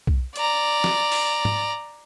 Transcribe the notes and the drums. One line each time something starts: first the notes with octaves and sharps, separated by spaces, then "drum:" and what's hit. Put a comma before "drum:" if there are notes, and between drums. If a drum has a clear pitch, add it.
drum: kick B1
D5 A#5, drum: hi-hat
drum: snare
drum: open hi-hat
drum: tom G#2